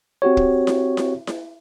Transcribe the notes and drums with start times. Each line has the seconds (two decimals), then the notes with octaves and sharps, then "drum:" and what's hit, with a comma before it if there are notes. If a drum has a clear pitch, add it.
0.22 C4 F#4 G4 C#5
0.37 drum: kick
0.67 drum: snare E4
0.97 drum: snare E4
1.27 drum: snare E4